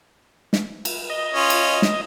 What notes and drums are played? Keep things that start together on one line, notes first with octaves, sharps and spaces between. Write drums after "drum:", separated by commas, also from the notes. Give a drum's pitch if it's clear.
drum: snare
drum: cymbal
D#5
C#4 F4
drum: cymbal
drum: snare